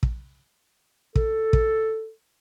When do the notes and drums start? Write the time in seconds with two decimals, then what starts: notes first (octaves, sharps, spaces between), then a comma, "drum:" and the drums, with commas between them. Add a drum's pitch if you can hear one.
0.03 drum: kick
1.15 A4, drum: kick
1.53 drum: kick